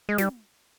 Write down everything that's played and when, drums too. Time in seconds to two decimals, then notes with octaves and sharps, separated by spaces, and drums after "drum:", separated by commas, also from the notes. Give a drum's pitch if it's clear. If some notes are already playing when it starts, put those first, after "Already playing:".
0.09 G#3
0.18 G3, drum: snare